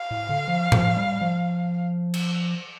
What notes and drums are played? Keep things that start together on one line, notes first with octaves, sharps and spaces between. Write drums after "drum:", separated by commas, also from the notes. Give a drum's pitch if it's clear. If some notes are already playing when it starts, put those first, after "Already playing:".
Already playing: F5
A2
D3
F3
F3, drum: tom A2
G3
F3
drum: cymbal